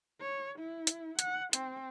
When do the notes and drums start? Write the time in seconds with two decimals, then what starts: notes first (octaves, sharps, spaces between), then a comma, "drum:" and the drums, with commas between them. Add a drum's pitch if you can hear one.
0.20 C#5
0.59 E4
0.87 drum: hi-hat
1.19 F#5, drum: hi-hat
1.53 C4, drum: hi-hat